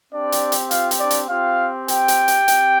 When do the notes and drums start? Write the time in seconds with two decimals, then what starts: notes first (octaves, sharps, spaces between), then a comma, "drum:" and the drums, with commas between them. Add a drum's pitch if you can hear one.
0.12 C4 D4 G4 D5
0.32 drum: hi-hat
0.52 drum: hi-hat
0.71 F4 F5, drum: hi-hat
0.91 drum: hi-hat
1.00 D4 D5
1.10 drum: hi-hat
1.29 C4 F4 G4 F5
1.88 G4 G5, drum: hi-hat
2.08 drum: hi-hat
2.28 drum: hi-hat
2.48 C4 G4, drum: hi-hat